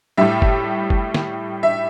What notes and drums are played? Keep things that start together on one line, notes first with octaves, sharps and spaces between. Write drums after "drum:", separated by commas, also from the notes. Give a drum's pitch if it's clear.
A2 G3 E5
drum: kick F#1
drum: kick F#1
drum: snare
E5